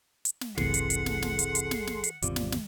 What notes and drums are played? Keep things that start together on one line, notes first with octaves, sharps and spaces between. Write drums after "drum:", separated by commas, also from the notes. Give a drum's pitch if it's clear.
drum: hi-hat
drum: snare
F#1 C2 C3 E3 G#4 A4 F#5 C6, drum: snare
drum: hi-hat
drum: hi-hat
drum: snare
drum: snare
drum: hi-hat
drum: hi-hat
drum: snare
drum: snare
drum: hi-hat
G#1 E2 C3 F4 D5, drum: hi-hat
drum: snare
drum: snare